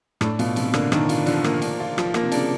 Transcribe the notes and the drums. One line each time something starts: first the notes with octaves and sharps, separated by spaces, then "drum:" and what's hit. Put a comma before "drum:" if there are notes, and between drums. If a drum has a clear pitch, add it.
A2 D4, drum: rim click
B2 F4, drum: cymbal
C3 F3, drum: cymbal
D3 A#3, drum: rim click
D#3 D4, drum: rim click
F4, drum: cymbal
D3 F3, drum: cymbal
A#3, drum: rim click
D4, drum: cymbal
F4
F3, drum: rim click
A#3, drum: rim click
C3
C#3 D4, drum: cymbal